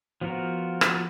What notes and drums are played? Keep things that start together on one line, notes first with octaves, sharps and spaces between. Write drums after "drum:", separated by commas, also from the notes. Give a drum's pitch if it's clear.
F3 B3 F4 F#4 A#4
drum: rim click